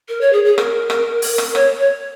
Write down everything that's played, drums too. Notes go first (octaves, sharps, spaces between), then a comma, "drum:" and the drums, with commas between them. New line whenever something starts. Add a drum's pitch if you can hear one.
A#4
C#5
G#4
G#4
A#4, drum: rim click
drum: rim click
drum: open hi-hat
drum: rim click
C#5, drum: rim click
C#5